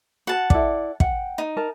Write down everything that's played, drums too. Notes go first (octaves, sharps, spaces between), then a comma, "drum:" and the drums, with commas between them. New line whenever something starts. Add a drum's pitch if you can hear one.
F#4 F#5 A5
E4 A4 D5, drum: kick
F#5 G5, drum: kick
D#4
A#4 A5 A#5